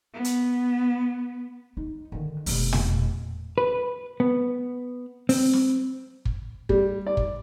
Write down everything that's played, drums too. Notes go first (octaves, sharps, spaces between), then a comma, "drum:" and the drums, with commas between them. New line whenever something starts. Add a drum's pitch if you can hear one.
B3
drum: hi-hat
D#4
D3 D#3
F1 B2, drum: open hi-hat
drum: tom
B4
B3
C4, drum: open hi-hat
drum: snare
drum: kick
G3, drum: kick
D5
drum: kick